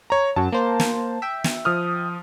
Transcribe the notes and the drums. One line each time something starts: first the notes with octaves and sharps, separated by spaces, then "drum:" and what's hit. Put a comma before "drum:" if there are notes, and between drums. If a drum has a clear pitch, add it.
C#5 A#5
F#2 F#3 A5
A#3 C5
drum: snare
E5 G5
drum: snare
F3 D#6 F6